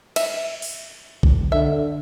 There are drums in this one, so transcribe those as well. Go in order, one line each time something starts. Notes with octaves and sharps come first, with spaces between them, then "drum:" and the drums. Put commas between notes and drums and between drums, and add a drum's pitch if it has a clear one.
E5, drum: cymbal
drum: open hi-hat
drum: kick A#1
D3 E5